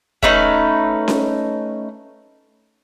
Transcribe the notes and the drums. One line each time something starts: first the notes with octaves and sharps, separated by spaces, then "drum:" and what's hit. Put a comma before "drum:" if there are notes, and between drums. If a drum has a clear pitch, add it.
A3 C#4 D#4 B4, drum: kick
drum: snare C#4